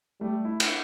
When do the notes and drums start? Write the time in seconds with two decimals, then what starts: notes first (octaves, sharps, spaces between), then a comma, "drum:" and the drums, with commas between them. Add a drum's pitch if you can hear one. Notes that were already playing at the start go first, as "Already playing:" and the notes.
0.21 G3 A3
0.45 E4
0.60 drum: cymbal